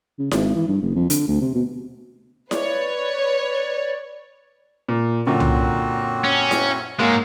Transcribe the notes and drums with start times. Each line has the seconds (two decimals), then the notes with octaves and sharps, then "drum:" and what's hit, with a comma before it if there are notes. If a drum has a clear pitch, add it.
0.19 C#3
0.31 G#1, drum: snare E4
0.55 E3
0.67 G2
0.82 F#1
0.95 F2
1.10 D3, drum: hi-hat
1.27 D2
1.41 C3
1.54 B2
2.51 B4 C#5 D5, drum: snare E4
4.88 A#2
5.26 F#2 A#2 D3 C4 F#4
5.40 drum: tom C2
6.25 C#4
6.51 drum: snare E4
7.00 G#2 F#3 G#3 A#3 F#4 E6